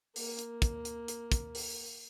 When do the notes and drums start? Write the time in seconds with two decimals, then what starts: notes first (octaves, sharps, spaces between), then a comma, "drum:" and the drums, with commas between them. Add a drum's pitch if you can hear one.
0.16 A#3, drum: open hi-hat
0.39 drum: hi-hat
0.62 drum: kick, hi-hat
0.85 drum: hi-hat
1.08 drum: hi-hat
1.32 drum: kick, hi-hat
1.55 drum: open hi-hat